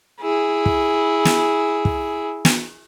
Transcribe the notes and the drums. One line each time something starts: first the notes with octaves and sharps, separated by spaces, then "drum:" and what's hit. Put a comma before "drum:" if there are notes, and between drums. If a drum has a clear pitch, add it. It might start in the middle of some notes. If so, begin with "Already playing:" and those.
E4 G#4
drum: kick
drum: snare
drum: kick
drum: snare